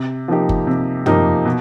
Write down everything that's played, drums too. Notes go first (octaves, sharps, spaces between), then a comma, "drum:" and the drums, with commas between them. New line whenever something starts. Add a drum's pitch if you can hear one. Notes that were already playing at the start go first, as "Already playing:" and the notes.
Already playing: C3
F3 A#3 D#4 G4
drum: kick F#1
C3
F3 A#3 D#4 G4, drum: tom
B2